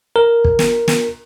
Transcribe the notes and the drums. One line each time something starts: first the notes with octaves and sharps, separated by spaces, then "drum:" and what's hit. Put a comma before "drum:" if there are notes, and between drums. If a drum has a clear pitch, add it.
A#4
drum: kick
drum: snare
drum: snare